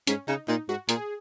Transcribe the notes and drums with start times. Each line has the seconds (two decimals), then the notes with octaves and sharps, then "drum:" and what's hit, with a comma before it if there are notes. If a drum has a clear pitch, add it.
0.07 G#2 C#4, drum: hi-hat
0.28 C#3 D#4
0.48 A#2 D#4
0.69 G#2 F#4
0.89 A#2 G#4, drum: hi-hat